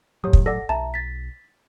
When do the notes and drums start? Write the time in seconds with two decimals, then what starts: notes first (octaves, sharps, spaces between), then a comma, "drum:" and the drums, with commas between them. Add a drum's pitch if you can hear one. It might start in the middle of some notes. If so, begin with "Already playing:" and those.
0.24 A2 F#3 G4 C#5 D#6
0.33 drum: kick
0.46 A4 D5 F#5 A#6
0.69 B1 E5 A5 A#5
0.94 A6 B6